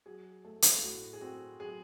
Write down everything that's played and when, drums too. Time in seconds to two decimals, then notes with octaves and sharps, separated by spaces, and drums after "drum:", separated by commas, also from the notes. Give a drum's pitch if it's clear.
0.06 F#3 G#4
0.44 A3 A4
0.62 drum: hi-hat
0.82 A2 F#4
1.13 G#4
1.21 C4 F#4
1.60 F#3 G#4